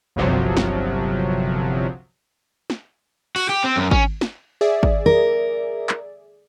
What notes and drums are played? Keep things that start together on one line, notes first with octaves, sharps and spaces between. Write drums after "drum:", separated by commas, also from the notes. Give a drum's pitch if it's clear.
G1 C2 C3 F3 F#3
drum: snare
drum: snare
F#4, drum: cymbal
G4
C4
F#2
C#4, drum: kick
drum: snare
G#4 D5 E5
drum: kick
A#4
drum: clap